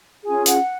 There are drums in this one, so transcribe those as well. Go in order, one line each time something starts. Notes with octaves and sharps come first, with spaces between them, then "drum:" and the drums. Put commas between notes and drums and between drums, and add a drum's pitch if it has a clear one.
C#4 F4 G#4 G#5
F#5, drum: hi-hat